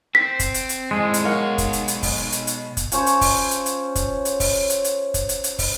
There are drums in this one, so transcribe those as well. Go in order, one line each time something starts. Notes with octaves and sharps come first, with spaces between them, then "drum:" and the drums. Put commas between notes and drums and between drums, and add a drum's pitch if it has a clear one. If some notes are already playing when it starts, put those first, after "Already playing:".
C4 B6
drum: kick, hi-hat
drum: hi-hat
drum: hi-hat
F2 A2 G#3
drum: hi-hat
B2 A#4 C#5 F5 F#5
drum: kick, hi-hat
drum: hi-hat
drum: hi-hat
drum: kick, open hi-hat
drum: hi-hat
drum: hi-hat
drum: kick, hi-hat
F3 C#4 C5 C#5, drum: hi-hat
drum: hi-hat
drum: kick, open hi-hat
drum: hi-hat
drum: hi-hat
drum: kick, hi-hat
drum: hi-hat
drum: kick, open hi-hat
drum: hi-hat
drum: hi-hat
drum: kick, hi-hat
drum: hi-hat
drum: hi-hat
drum: kick, open hi-hat